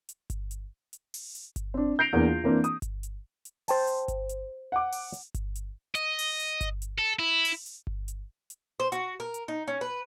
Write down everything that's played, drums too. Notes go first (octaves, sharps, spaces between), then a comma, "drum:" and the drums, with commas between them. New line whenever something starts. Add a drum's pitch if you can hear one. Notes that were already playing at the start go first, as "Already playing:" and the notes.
drum: hi-hat
drum: kick G1, hi-hat
drum: hi-hat
drum: hi-hat
drum: open hi-hat
drum: hi-hat
drum: kick G1, hi-hat
C4 D4
G6 A#6 C7 D7 F7
E2 A#3 B3 D4
F4
E3 A#3 C4 D4
D#6, drum: hi-hat
drum: kick G1, hi-hat
drum: hi-hat
drum: hi-hat
C5 G5 A5, drum: open hi-hat
drum: hi-hat
drum: kick G1, hi-hat
drum: hi-hat
F#5 D6
drum: open hi-hat
drum: hi-hat
drum: kick G1, hi-hat
drum: hi-hat
D#5, drum: hi-hat
drum: open hi-hat
drum: hi-hat
drum: kick G1, hi-hat
drum: hi-hat
A4
E4
drum: open hi-hat
drum: hi-hat
drum: kick G1
drum: hi-hat
drum: hi-hat
C5
F#4, drum: hi-hat
A#4
drum: hi-hat
D#4
C#4
B4